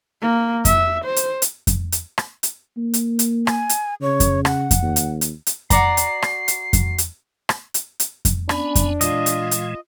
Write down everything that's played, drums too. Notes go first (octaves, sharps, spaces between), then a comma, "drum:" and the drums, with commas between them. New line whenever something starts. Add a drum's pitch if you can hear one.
A#3
E5, drum: kick F2, hi-hat
C5
drum: hi-hat
drum: hi-hat
drum: kick F2, hi-hat
drum: hi-hat
drum: rim click
drum: hi-hat
A#3
drum: hi-hat
drum: hi-hat
G#5, drum: rim click
drum: hi-hat
C#3 C#5
drum: kick F2, hi-hat
F#5, drum: rim click
drum: kick F2, hi-hat
D#2
drum: hi-hat
drum: hi-hat
drum: hi-hat
F#4 D5 A#5 C7, drum: kick F2, hi-hat
drum: hi-hat
drum: rim click
drum: hi-hat
drum: kick F2, hi-hat
drum: hi-hat
drum: rim click
drum: hi-hat
drum: hi-hat
drum: kick F2, hi-hat
B3 C#4 D4 G#5 B5, drum: rim click
drum: kick F2, hi-hat
A#2 E3 G#3 F4 D#5, drum: hi-hat
drum: hi-hat
drum: hi-hat